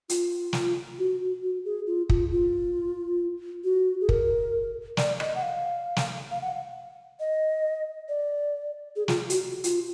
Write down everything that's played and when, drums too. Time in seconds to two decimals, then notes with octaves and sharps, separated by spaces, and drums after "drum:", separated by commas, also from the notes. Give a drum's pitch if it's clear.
0.09 F4, drum: hi-hat
0.53 drum: snare
0.99 F#4
1.43 F#4
1.65 G#4
1.87 F4
2.10 F4, drum: kick
2.32 F4
3.64 F#4
4.01 G#4
4.09 A#4, drum: kick
4.97 D5, drum: snare
5.20 D#5, drum: rim click
5.35 F#5
5.43 F5
5.96 drum: snare
6.31 F5
6.42 F#5
6.53 F5
7.20 D#5
8.09 D5
8.96 G#4
9.08 F4, drum: snare
9.30 F#4, drum: hi-hat
9.64 F4, drum: hi-hat